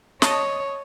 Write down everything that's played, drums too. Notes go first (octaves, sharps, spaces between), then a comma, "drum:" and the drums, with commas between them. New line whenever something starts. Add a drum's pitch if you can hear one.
C#5 D#5 A5 D#6, drum: snare